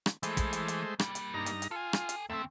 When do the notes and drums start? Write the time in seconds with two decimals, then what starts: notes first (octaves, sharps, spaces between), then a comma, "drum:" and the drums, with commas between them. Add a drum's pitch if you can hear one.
0.06 drum: rim click
0.23 E3 G#3 A3 C5, drum: hi-hat
0.37 drum: kick, hi-hat
0.53 drum: hi-hat
0.68 drum: hi-hat
0.99 G3 A#3, drum: rim click
1.15 drum: hi-hat
1.34 G2 D#4 A#5
1.46 drum: hi-hat
1.62 drum: hi-hat
1.71 F4 A4 G#5
1.93 drum: rim click
2.09 drum: hi-hat
2.30 D#2 A3 C4 E5